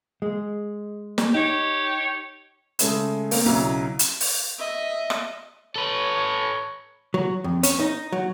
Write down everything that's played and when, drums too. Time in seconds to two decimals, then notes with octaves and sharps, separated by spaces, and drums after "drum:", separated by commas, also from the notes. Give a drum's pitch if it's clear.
0.22 G#3
1.18 drum: snare
1.35 D#4 G4 C#5
2.79 C#3 G#3 A3 C#4, drum: hi-hat
3.31 A#3 C4, drum: open hi-hat
3.46 B1 C#3 F#3 C#4 E4 A#5
3.99 drum: hi-hat
4.20 drum: open hi-hat
4.58 D#5 E5
5.10 drum: rim click
5.76 A4 B4 C#5
7.14 F#3
7.44 F2
7.63 C#4, drum: hi-hat
7.80 D#4
8.12 F#3